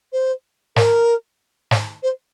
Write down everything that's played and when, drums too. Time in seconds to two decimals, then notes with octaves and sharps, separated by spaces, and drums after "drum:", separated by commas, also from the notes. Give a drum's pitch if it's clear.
0.13 C5
0.76 A#4, drum: snare
1.71 drum: snare
2.03 C5